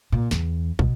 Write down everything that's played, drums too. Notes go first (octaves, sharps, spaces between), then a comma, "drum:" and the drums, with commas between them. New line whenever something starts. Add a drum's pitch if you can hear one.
A#2
E2, drum: snare
B2, drum: kick